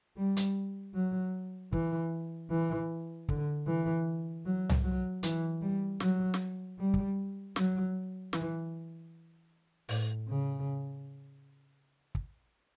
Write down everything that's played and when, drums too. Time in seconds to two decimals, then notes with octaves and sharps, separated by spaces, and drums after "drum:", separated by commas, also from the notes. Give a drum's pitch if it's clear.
0.17 G3
0.37 drum: hi-hat
0.94 F#3
1.73 E3, drum: kick
2.50 E3
3.29 D3, drum: kick
3.67 E3
4.45 F#3
4.69 drum: tom C2
4.84 F#3
5.23 E3, drum: hi-hat
5.61 G3
6.00 F#3, drum: snare
6.34 drum: snare
6.78 G3
6.94 drum: kick
7.56 F#3, drum: snare
8.33 E3, drum: snare
9.89 A2, drum: open hi-hat
10.28 C#3
12.15 drum: kick